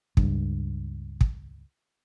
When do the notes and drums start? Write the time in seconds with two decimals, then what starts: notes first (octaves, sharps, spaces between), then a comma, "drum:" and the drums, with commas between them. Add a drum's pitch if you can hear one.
0.17 C#2 G2, drum: kick
1.21 drum: kick